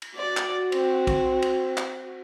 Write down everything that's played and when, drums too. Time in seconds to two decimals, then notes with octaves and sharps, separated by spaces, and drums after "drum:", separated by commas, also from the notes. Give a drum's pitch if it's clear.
0.02 drum: cymbal
0.15 F#4 D5
0.37 drum: clap
0.72 C4, drum: cymbal
1.07 drum: kick, cymbal
1.42 drum: cymbal
1.78 drum: clap